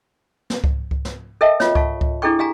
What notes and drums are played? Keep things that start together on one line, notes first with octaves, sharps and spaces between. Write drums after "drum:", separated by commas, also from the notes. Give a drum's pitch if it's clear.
drum: snare
drum: kick C#2
drum: kick C#2
drum: snare
A4 A#4 D#5 E5 G5 A5
F4 C#5, drum: snare
F5 A5 C#6, drum: kick C#2
drum: kick C#2
D4 E4 G#4 A4 G5 C#6
G4 F5 G#5 A#5